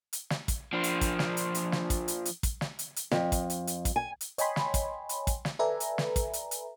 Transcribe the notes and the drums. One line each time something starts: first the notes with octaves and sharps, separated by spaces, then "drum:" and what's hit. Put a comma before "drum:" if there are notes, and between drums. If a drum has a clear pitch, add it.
drum: hi-hat
drum: snare
drum: kick, hi-hat
F3 D4
drum: hi-hat
drum: kick, hi-hat
drum: snare
drum: hi-hat
drum: hi-hat
drum: snare
drum: kick, hi-hat
drum: hi-hat
drum: hi-hat
drum: kick, hi-hat
drum: snare
drum: hi-hat
drum: hi-hat
F2, drum: snare
drum: kick, hi-hat
drum: hi-hat
drum: hi-hat
drum: kick, hi-hat
G#5
drum: hi-hat
C#5 D#5 G5 G#5 B5 C6, drum: hi-hat
drum: snare
drum: kick, hi-hat
drum: hi-hat
drum: kick, hi-hat
drum: snare
A4 B4 D5 E5 G#5 A#5
drum: hi-hat
drum: snare
drum: kick, hi-hat
drum: hi-hat
drum: hi-hat